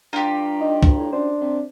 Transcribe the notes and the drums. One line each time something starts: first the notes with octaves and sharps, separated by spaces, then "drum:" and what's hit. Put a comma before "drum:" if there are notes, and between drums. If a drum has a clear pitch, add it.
G2 F4 G4 A#5
D#4
D2, drum: kick
A2
F#2 D4 C5
C3